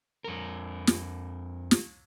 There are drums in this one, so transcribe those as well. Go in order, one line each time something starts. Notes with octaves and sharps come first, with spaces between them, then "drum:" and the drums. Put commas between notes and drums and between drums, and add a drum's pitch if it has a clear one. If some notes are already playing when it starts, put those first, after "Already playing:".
F2 A#4
drum: snare
drum: snare